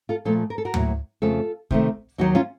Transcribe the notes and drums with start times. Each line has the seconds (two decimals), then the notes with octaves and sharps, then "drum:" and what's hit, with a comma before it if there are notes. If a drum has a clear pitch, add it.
0.09 F4 A4
0.25 A#2 F3 A3 F4 A4
0.50 A#4
0.58 A4
0.65 F#4 A#4
0.74 A2 F#3 A#3, drum: tom D2
1.22 F2 C#3 A3 F4 A4
1.71 C3 D#3 A3, drum: kick
2.18 D#2 D#3 F#3 D#4 F#4
2.35 C#4 F4